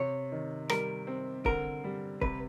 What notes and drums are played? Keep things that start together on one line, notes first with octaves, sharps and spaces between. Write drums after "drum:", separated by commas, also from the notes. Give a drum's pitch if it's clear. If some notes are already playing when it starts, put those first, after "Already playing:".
Already playing: C3 C#5
D#3
G3 A#4, drum: rim click
C4
D3 A#4, drum: kick
G3
C3 B4, drum: kick